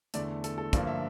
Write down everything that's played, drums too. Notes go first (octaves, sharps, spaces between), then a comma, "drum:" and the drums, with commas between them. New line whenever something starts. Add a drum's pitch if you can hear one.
E2 D3 A3 D5, drum: hi-hat
A4, drum: hi-hat
A4
G2 D3 F3 A#3 D5, drum: kick, hi-hat
E5